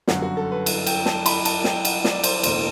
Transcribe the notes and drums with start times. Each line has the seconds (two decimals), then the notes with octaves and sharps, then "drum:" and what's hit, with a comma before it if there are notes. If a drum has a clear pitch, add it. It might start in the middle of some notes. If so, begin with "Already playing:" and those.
0.08 G1 F#2 D3 F#4, drum: snare
0.22 F#4
0.37 A4
0.51 B4
0.66 drum: cymbal
0.87 G5, drum: cymbal
1.06 A5, drum: snare
1.26 B5, drum: cymbal
1.45 A5, drum: cymbal
1.64 G5, drum: snare
1.85 F#5, drum: cymbal
2.04 D5, drum: snare
2.24 C5, drum: cymbal
2.36 D5
2.43 F#1 E2 B2 A3 D4 C5, drum: cymbal